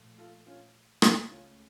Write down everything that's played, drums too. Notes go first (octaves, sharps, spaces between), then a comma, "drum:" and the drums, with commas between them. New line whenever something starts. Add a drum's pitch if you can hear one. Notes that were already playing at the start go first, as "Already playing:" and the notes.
Already playing: A#2 F3 A3
F4 A4
C#4 F4
C#2 C#3 A3, drum: rim click
C#4 F4